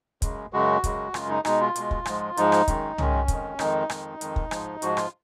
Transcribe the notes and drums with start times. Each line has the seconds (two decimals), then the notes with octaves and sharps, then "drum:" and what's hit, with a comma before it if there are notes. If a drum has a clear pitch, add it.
0.22 F#2 C#3 G#3, drum: kick, hi-hat
0.53 F#2 C#3 G#3 F#4
0.84 F#2 C#3 G#3, drum: kick, hi-hat
1.14 F#2 C#3 G#3 F4, drum: rim click
1.29 D#4
1.45 B2 G#3 D#4, drum: rim click
1.60 F4
1.76 B2 G#3, drum: hi-hat
1.91 drum: kick
2.06 G#2 F3 G#3, drum: rim click
2.37 G#2 F3 G#3 D#4, drum: hi-hat
2.52 drum: rim click
2.68 F#2 D#3 G#3, drum: kick, hi-hat
2.98 F#2 D#3 G#3 C#4, drum: tom
3.28 F2 D#3 G#3, drum: kick, hi-hat
3.59 F2 D#3 G#3 D#4, drum: rim click
3.90 F2 D#3 G#3, drum: rim click
4.21 F2 D#3 G#3, drum: hi-hat
4.36 drum: kick
4.51 G#2 F3 G#3, drum: rim click
4.82 G#2 F3 G#3 F#4, drum: hi-hat
4.97 F4, drum: rim click